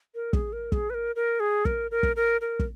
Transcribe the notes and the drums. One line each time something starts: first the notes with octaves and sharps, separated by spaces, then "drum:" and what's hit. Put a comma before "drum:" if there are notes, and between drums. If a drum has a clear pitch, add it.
A#4
G#4, drum: kick
A#4
G#4, drum: kick
B4
A#4
A#4
G#4
A#4, drum: kick
A#4
drum: kick
A#4
A#4
drum: kick